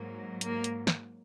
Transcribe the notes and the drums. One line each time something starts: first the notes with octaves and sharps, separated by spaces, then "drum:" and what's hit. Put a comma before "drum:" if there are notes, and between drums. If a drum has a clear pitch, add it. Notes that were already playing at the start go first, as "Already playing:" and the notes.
Already playing: G#2 F#3 A#3
A#3, drum: hi-hat
drum: hi-hat
drum: snare